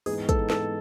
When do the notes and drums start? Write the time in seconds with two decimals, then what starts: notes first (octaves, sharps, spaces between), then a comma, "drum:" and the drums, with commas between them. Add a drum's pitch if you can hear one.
0.06 G#2 E3 G#3 B3 D#4 G#4, drum: open hi-hat
0.29 A4, drum: kick, hi-hat
0.50 A4, drum: snare